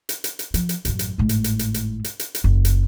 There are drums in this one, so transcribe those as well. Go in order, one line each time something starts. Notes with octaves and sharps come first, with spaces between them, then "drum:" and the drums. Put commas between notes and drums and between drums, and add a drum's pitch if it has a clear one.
drum: hi-hat
drum: hi-hat
drum: hi-hat
F3, drum: hi-hat
drum: hi-hat
A1 F#2, drum: hi-hat
drum: hi-hat
G#1 A2
drum: hi-hat
drum: hi-hat
drum: hi-hat
drum: hi-hat
drum: hi-hat
drum: hi-hat
drum: hi-hat
F#1
drum: hi-hat